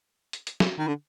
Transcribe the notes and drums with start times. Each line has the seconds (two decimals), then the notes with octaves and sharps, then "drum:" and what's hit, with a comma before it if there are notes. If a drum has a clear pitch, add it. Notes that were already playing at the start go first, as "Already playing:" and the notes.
0.33 drum: hi-hat
0.47 drum: hi-hat
0.60 drum: snare
0.78 D#3
0.88 D3